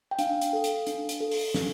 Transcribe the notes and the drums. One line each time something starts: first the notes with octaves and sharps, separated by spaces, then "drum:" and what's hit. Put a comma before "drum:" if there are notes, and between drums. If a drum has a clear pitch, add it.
G5
D4 F5, drum: hi-hat
drum: hi-hat
A4
drum: hi-hat
D4, drum: hi-hat
drum: hi-hat
A4
drum: open hi-hat
D4, drum: snare